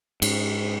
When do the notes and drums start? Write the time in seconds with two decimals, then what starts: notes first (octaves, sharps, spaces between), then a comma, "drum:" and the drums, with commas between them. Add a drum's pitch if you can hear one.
0.22 G#2, drum: cymbal